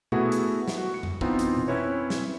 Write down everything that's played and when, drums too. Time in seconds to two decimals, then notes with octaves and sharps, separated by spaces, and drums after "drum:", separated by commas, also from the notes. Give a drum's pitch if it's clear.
0.12 A3 B3 E4 F#4 G#4, drum: tom B2
0.32 drum: hi-hat
0.68 drum: snare
0.78 F#4
0.94 C#7
1.03 drum: tom F2
1.21 E3 B3 C4 D#4 F4, drum: kick
1.39 drum: hi-hat
1.57 drum: tom B2
1.68 C4 C#4 E4 B4 C#5
2.10 drum: snare